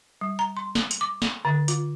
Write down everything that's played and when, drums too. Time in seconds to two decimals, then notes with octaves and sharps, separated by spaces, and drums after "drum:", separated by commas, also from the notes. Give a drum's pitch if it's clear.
0.21 G3
0.39 A#5
0.57 C6
0.75 drum: snare
0.91 drum: hi-hat
1.01 D6
1.22 drum: snare
1.45 D3
1.68 F4, drum: hi-hat